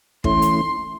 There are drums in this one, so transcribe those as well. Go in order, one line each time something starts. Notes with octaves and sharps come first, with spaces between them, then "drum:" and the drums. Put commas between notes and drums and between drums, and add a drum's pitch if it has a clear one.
E3 A3 C#4 E4 C6, drum: kick
drum: hi-hat